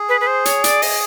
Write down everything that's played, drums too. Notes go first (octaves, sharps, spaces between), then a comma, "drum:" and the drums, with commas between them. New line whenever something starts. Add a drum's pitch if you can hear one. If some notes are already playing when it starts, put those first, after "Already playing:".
Already playing: G#4
B4
B4
C5
C#5, drum: hi-hat
D5, drum: hi-hat
D#5, drum: open hi-hat